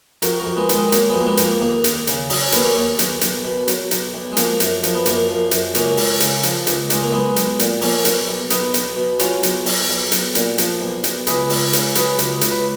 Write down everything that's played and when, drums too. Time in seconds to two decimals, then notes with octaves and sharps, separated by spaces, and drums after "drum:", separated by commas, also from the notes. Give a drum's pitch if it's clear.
0.22 F2 F#4 A#4, drum: hi-hat
0.40 F#4 A#4
0.46 F2
0.57 G#3 B3
0.69 D#3, drum: hi-hat
0.75 G#3
0.88 G#3
0.92 F#3 A#3, drum: hi-hat
1.10 F2 G#3 B3
1.21 A#3
1.26 G#3 B3
1.37 F2, drum: hi-hat
1.44 A#3
1.61 D#2 A#3
1.84 D#2, drum: hi-hat
2.07 C#3, drum: hi-hat
2.30 F#3 D#4, drum: open hi-hat
2.41 C#4
2.52 D#2 B3, drum: hi-hat
2.64 A#3 C#4
2.76 D#2
2.99 B1, drum: hi-hat
3.21 B1, drum: hi-hat
3.45 B2
3.68 F#3, drum: hi-hat
3.91 B1, drum: hi-hat
4.14 B1
4.32 G#3
4.37 F3 A#3, drum: hi-hat
4.60 F#2, drum: hi-hat
4.83 F3, drum: hi-hat
4.95 B3
5.06 F#2 A#3, drum: hi-hat
5.29 F3
5.51 F#2, drum: hi-hat
5.75 C#2 A#3 C#4, drum: hi-hat
5.97 C#2, drum: open hi-hat
6.20 C#3, drum: hi-hat
6.43 F3, drum: hi-hat
6.67 C#2, drum: hi-hat
6.90 C#2 G#3, drum: hi-hat
7.03 A#3
7.12 B1 G#3 B3
7.36 B1, drum: hi-hat
7.59 A#2, drum: hi-hat
7.81 F3 A#3 C#4, drum: open hi-hat
8.05 B1, drum: hi-hat
8.28 B1
8.50 B1 B3 D#4, drum: hi-hat
8.74 B1, drum: hi-hat
8.96 B2
9.19 F#3 C#4 F4, drum: hi-hat
9.43 B1, drum: hi-hat
9.66 B1, drum: open hi-hat
9.89 B1
10.12 B1, drum: hi-hat
10.35 A#2, drum: hi-hat
10.58 F3, drum: hi-hat
10.81 B1
11.04 B1, drum: hi-hat
11.27 C#2 G#4 B4, drum: hi-hat
11.50 C#2, drum: open hi-hat
11.73 C#3, drum: hi-hat
11.95 F#3 G#4 B4, drum: hi-hat
12.19 C#2, drum: hi-hat
12.41 C#2, drum: hi-hat
12.52 B4